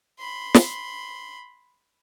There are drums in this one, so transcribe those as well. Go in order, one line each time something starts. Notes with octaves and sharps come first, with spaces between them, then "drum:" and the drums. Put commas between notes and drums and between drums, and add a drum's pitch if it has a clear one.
B5 C6
drum: snare